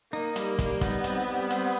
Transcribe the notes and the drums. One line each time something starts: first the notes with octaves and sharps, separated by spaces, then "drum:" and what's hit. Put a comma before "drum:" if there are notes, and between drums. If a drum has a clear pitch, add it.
A#3 D#4
G3, drum: hi-hat
G3, drum: kick, hi-hat
B3 D#4, drum: kick, hi-hat
C4, drum: hi-hat
G3
C4, drum: hi-hat